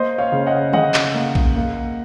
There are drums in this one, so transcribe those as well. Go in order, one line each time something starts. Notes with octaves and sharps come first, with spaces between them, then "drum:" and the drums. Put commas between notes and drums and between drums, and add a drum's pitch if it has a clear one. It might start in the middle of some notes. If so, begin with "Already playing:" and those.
Already playing: A#3 C5 D#5
C#5 F5
C#3
D#5 F#5
C#3 D#5 F#5, drum: tom D3
drum: clap
A#3
drum: kick A#1
A#3